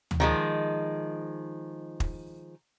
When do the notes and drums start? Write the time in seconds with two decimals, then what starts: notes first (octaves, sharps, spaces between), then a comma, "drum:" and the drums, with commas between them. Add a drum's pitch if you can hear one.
0.11 drum: tom D2
0.20 D#3 F3 G#3
2.00 drum: kick